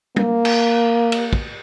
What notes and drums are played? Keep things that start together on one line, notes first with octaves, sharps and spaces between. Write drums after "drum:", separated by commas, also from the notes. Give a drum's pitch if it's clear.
A#3, drum: tom G3
drum: cymbal
drum: cymbal
drum: kick